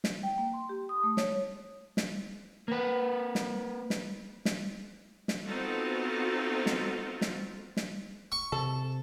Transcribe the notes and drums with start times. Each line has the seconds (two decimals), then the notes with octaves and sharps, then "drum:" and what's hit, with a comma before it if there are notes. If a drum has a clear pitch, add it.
0.04 drum: snare
0.23 G5
0.38 A#3
0.53 C6
0.69 G4
0.89 D#6
1.03 A3
1.17 C#5, drum: snare
1.97 drum: snare
2.68 A#3 B4
3.35 drum: snare
3.90 drum: snare
4.45 drum: snare
5.28 drum: snare
5.45 B3 C4 D#4 F4 F#4 A4
6.66 drum: snare
7.21 drum: snare
7.77 drum: snare
8.32 C#6
8.52 C3 A4